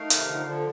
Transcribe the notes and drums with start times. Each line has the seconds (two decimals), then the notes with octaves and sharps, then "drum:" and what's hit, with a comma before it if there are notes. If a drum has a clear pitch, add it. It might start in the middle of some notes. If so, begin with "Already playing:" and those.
Already playing: A3 D#4 A#4 F5
0.10 C3 D#3, drum: hi-hat
0.28 D3 F3
0.45 D3 F3